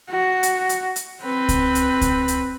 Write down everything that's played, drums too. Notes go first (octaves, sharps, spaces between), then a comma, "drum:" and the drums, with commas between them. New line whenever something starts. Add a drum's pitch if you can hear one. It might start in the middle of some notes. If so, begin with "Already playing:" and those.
F#4
drum: hi-hat
drum: hi-hat
drum: hi-hat
C4 B4
drum: kick C#2, hi-hat
drum: hi-hat
drum: kick C#2, hi-hat
drum: hi-hat